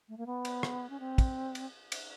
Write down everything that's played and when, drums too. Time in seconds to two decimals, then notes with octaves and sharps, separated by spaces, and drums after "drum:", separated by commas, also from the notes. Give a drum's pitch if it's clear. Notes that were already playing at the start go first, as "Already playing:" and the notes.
0.09 A3
0.17 A#3
0.26 B3
0.45 drum: cymbal
0.63 drum: rim click
0.90 C#4
1.00 C4
1.18 drum: kick, cymbal
1.55 drum: cymbal
1.92 drum: cymbal